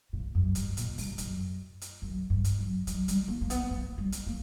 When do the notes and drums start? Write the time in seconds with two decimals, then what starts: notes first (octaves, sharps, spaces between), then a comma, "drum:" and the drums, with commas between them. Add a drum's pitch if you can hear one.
0.13 A#2
0.35 F#2
0.55 G2, drum: hi-hat
0.77 A#2, drum: hi-hat
0.98 G2, drum: open hi-hat
1.18 F#2, drum: hi-hat
1.81 drum: hi-hat
2.02 F#2
2.30 G2
2.44 drum: hi-hat
2.58 F#3
2.87 F#3, drum: hi-hat
3.08 G3, drum: hi-hat
3.28 A#3
3.41 A#3
3.50 B3, drum: hi-hat
3.71 A#3
3.98 G3
4.12 drum: hi-hat
4.27 A#3